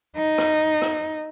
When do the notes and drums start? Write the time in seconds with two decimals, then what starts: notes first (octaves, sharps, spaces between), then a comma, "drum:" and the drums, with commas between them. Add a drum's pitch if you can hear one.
0.17 D#4
0.38 drum: rim click
0.82 drum: rim click